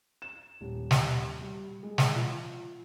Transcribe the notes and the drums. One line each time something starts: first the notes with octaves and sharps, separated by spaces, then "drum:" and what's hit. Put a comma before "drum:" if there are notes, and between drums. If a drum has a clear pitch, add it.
E7
D#1
drum: snare
G3
G#3
drum: snare
F3